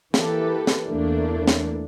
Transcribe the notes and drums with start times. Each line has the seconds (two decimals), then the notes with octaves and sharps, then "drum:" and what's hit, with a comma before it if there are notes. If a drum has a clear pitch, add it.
0.14 E3 A#3 G4 A4 B4, drum: snare
0.67 drum: snare
0.87 E2 E3 A3 A#3 D4
1.48 drum: snare